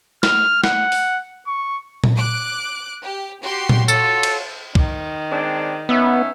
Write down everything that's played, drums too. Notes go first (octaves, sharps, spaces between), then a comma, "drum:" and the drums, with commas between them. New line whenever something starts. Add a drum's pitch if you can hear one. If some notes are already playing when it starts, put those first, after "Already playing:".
F6, drum: snare
F#5, drum: snare
drum: open hi-hat
C#6
drum: tom A#2
D6 F#6
G4
F#4 G4 C6
drum: tom A#2
F4 F#4 A4 C#5, drum: tambourine
drum: cymbal
D#3, drum: kick
G#3 C4 D4
B3 C#4 D#4 E5